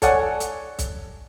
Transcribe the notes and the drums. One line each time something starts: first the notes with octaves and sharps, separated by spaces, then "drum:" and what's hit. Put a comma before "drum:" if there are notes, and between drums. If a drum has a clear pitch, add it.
A4 C#5 D5 F#5 G#5, drum: kick, hi-hat
drum: hi-hat
drum: kick, hi-hat